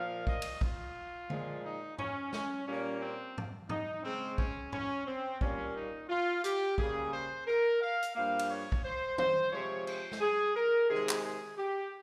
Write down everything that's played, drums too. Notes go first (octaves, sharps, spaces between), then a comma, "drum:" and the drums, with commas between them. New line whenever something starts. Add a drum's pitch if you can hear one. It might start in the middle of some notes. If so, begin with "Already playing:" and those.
Already playing: A#2 F3 A#3 F5
D#5, drum: kick
drum: cymbal
F4, drum: kick
A#2 F3 G#3, drum: tom D3
D#4
C#4, drum: tom G#2
C#4, drum: snare
A#2 G3 A#3 C#4
C4
drum: tom
D#4, drum: tom
C#3 G#3 C4
C#4, drum: kick
C#4, drum: tom G#2
C4
A#2 G3 A#3 C#4, drum: kick
D#4
F4
G4, drum: hi-hat
C#3 G3 A#3 G#4, drum: kick
C5
A#4
F5
drum: hi-hat
G2 F3 A#3 F5
drum: cymbal
C#5
drum: kick
C5
C5, drum: tom D#3
C3 F3 G#3 C#5
C5, drum: cymbal
drum: snare
G#4
A#4
C3 D#3 G#3 G#4
drum: clap
G#4
G4